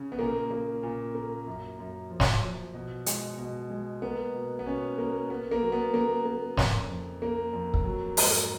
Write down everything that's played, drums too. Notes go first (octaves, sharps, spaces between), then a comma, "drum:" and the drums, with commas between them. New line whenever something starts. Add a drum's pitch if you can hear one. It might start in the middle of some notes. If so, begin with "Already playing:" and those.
Already playing: C#3
B3
A#2 A#3
A#3
A#2
A#3
F#2
F#2
F3
drum: snare
F3
B2
G#3, drum: hi-hat
B2
G#3
A#3 B3
B2
B3
B2 C#4
A#3
A#3 B3
A#3
F#3
B3
C#3 A#3
A#3
F2, drum: snare
F2
A#3
F2
drum: kick
F#3
G#2, drum: open hi-hat